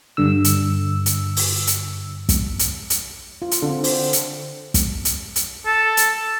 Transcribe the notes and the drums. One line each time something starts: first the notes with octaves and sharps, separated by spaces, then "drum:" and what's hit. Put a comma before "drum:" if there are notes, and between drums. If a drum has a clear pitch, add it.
G2 D3 E6
drum: hi-hat
drum: hi-hat
drum: open hi-hat
drum: hi-hat
drum: kick, hi-hat
drum: hi-hat
drum: hi-hat
F4
drum: hi-hat
D3 C4 F4
C5, drum: open hi-hat
drum: hi-hat
drum: kick, hi-hat
drum: hi-hat
drum: hi-hat
A4
drum: hi-hat